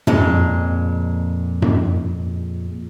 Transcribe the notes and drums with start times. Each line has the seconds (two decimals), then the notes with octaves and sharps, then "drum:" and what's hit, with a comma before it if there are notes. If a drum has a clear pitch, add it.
0.07 F2 A#2 G#3, drum: tom F#2
1.62 drum: tom F#2